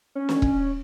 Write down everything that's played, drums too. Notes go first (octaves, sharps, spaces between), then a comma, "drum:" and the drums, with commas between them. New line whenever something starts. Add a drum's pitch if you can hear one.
C#4
drum: snare
drum: kick E1